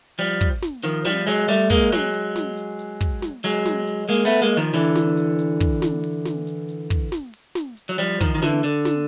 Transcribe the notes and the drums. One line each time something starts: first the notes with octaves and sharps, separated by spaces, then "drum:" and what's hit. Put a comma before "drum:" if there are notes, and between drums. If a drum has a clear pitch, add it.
F3 G3, drum: hi-hat
drum: kick
drum: snare
D#3 F3, drum: open hi-hat
F3 G3, drum: snare
F#3 G#3, drum: hi-hat
G3 A3, drum: hi-hat
G#3 A#3, drum: kick, hi-hat
F#3 G#3, drum: snare
drum: open hi-hat
drum: snare
drum: hi-hat
drum: hi-hat
drum: kick, hi-hat
drum: snare
F#3 G#3, drum: open hi-hat
drum: snare
drum: hi-hat
G#3 A#3, drum: hi-hat
A3 B3
G#3 A#3
D#3 F3
D3 E3, drum: open hi-hat
drum: snare
drum: hi-hat
drum: hi-hat
drum: kick, hi-hat
drum: snare
drum: open hi-hat
drum: snare
drum: hi-hat
drum: hi-hat
drum: kick, hi-hat
drum: snare
drum: open hi-hat
drum: snare
drum: hi-hat
F#3
F3 G3, drum: hi-hat
D#3 F3, drum: kick, hi-hat
D#3
D3 E3, drum: snare
D3, drum: open hi-hat
drum: snare